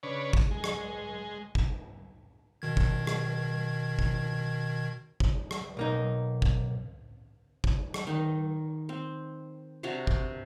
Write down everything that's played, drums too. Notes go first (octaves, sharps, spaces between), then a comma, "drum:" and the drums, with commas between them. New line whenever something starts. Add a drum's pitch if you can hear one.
C#3 D4 B4 C#5
drum: kick
G#3
drum: rim click
drum: kick
B2 D#3 G#6
drum: kick
drum: rim click
drum: kick
drum: kick
drum: rim click
B1 A#3 D#4
drum: kick
drum: kick
drum: rim click
D#3 D#4
C4
C3 D4 F#4 A#5
drum: kick